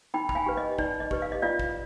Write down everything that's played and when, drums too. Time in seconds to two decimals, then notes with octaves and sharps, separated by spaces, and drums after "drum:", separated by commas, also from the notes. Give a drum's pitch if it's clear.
0.14 D#4 G5 B5
0.29 B5, drum: kick
0.35 F5 G#5
0.46 G4 B4
0.57 D#5
0.78 D#4 D5, drum: kick
1.00 D#5
1.11 G4 B4, drum: kick
1.22 F5
1.32 D#5
1.42 F4 D5 F5
1.59 drum: kick